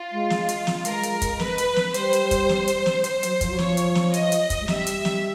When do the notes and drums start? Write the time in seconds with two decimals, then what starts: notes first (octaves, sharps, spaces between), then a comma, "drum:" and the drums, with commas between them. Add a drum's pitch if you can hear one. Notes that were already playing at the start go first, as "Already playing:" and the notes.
Already playing: F4
0.12 G#3
0.30 drum: snare
0.49 drum: hi-hat
0.67 drum: snare
0.85 G#3 A#4, drum: hi-hat
1.03 drum: hi-hat
1.22 drum: kick, hi-hat
1.40 B4, drum: snare
1.58 drum: hi-hat
1.76 drum: snare
1.94 G3 C5, drum: hi-hat
2.13 drum: hi-hat
2.31 drum: kick, hi-hat
2.49 drum: snare
2.68 drum: hi-hat
2.86 drum: snare
3.04 C5, drum: hi-hat
3.23 F#3, drum: hi-hat
3.37 F#3
3.41 F3, drum: kick, hi-hat
3.50 F#3
3.59 F3 C#5, drum: snare
3.77 drum: hi-hat
3.95 drum: snare
4.14 D#5, drum: hi-hat
4.32 drum: hi-hat
4.50 drum: kick, hi-hat
4.61 G#3
4.68 G3 E5, drum: snare
4.87 drum: hi-hat
5.05 drum: snare